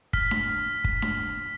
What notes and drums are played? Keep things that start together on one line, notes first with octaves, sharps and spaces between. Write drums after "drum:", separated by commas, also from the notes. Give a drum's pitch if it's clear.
F6 B6, drum: kick
drum: snare D4
drum: kick
drum: snare D4